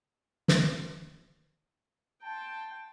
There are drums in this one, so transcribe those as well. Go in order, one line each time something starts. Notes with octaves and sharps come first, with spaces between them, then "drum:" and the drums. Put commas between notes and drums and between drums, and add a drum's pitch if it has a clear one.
drum: snare
G5 A5 C6